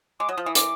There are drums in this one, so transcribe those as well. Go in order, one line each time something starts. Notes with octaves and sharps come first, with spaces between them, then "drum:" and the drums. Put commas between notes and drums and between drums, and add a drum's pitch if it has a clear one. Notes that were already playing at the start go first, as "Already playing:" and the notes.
G#3 D6
F#3 D#6
F3
E3 D#6
D6, drum: hi-hat